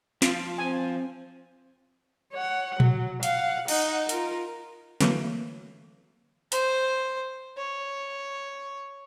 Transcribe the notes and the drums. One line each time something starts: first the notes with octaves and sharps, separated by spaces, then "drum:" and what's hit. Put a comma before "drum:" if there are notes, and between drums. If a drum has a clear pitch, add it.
F3 F4, drum: snare
C4 G#5
C#5 F#5
F#3, drum: tom A#2
F5 F#5, drum: hi-hat
D#4 F#5, drum: cymbal
F4 A#4, drum: hi-hat
D3 E3 F#3 A3 A#3, drum: snare
C5, drum: hi-hat
C#5